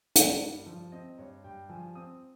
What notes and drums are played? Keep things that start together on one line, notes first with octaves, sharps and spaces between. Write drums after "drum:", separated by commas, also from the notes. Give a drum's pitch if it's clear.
G2, drum: hi-hat
G2
F3
C4 D#5
G2 C#5
G2 G5
F3 G#5
C4 D#6